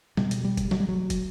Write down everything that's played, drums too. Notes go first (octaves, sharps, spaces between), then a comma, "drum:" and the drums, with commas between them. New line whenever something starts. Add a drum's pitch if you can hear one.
B2 G3, drum: snare
drum: hi-hat
G3
drum: kick, hi-hat
F#3, drum: snare
G3
F#3
drum: kick, hi-hat